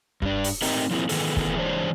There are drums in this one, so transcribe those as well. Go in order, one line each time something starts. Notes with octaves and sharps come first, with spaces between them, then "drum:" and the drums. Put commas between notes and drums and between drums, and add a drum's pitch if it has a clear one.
G2 D4, drum: kick
drum: open hi-hat
A3 C4 D#4 G4 A#4 D#5, drum: open hi-hat
F3 F#3 A#3 C4 E4 G#4
A2 D#3 E3 B3 G#4 A4, drum: open hi-hat
drum: kick
E3 G#3 D4 C5 C#5